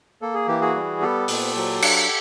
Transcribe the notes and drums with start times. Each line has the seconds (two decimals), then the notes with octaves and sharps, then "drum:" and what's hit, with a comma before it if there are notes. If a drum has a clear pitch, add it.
0.22 A#3 A4
0.34 G#4
0.47 E3 G4
0.61 F#4 G#4
0.75 G3
1.01 B3 G4 A4
1.28 A#2, drum: open hi-hat
1.56 F#3
1.82 D4, drum: cymbal